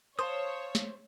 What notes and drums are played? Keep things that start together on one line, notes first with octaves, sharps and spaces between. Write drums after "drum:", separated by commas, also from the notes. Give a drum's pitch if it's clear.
C5 C#5 F5 A5 D#6
drum: snare